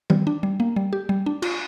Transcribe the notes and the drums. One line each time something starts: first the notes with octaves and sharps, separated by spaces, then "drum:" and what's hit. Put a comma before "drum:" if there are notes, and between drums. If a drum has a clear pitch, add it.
G3, drum: tom D#3
D4
G3
A#3
G3
G4
G3
D4
F4, drum: cymbal